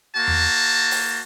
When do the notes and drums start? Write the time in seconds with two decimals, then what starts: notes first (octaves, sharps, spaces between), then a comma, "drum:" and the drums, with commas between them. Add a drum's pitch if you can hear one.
0.15 A#3 F#4 A5
0.27 drum: tom E2
0.91 drum: open hi-hat